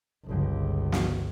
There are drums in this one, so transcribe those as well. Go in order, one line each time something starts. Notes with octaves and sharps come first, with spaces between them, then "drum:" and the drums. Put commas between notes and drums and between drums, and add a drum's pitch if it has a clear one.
G1 C#2
drum: snare